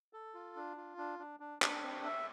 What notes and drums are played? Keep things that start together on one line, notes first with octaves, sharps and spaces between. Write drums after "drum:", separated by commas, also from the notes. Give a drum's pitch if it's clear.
A4
F4
D4
F4
D4
D4
D4
D4, drum: clap
C4
E5